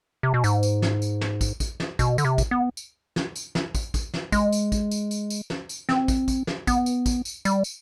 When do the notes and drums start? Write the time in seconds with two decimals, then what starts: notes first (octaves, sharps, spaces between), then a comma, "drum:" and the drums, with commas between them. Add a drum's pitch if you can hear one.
0.23 C3
0.34 B2
0.44 G#2, drum: tambourine
0.63 drum: tambourine
0.82 drum: snare
1.02 drum: tambourine
1.21 drum: snare
1.41 drum: kick, tambourine
1.60 drum: kick, tambourine
1.80 drum: snare
1.99 B2, drum: kick, tambourine
2.18 D3, drum: tambourine
2.25 C3
2.38 drum: kick, tambourine
2.51 B3
2.77 drum: tambourine
3.16 drum: snare
3.36 drum: tambourine
3.55 drum: snare
3.75 drum: kick, tambourine
3.94 drum: kick, tambourine
4.14 drum: snare
4.32 G#3, drum: kick, tambourine
4.52 drum: tambourine
4.72 drum: kick, tambourine
4.91 drum: tambourine
5.11 drum: tambourine
5.30 drum: tambourine
5.50 drum: snare
5.69 drum: tambourine
5.89 C4, drum: snare
6.08 drum: kick, tambourine
6.28 drum: kick, tambourine
6.47 drum: snare
6.67 B3, drum: kick, tambourine
6.86 drum: tambourine
7.06 drum: kick, tambourine
7.25 drum: tambourine
7.45 G3, drum: tambourine
7.64 drum: tambourine